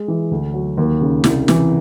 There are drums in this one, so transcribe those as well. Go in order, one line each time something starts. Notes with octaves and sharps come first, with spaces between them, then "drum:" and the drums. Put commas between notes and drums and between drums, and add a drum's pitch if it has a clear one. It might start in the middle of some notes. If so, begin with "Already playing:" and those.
Already playing: G#3
E3
D2
F#3
D#2
C#3
C2, drum: snare
E3, drum: snare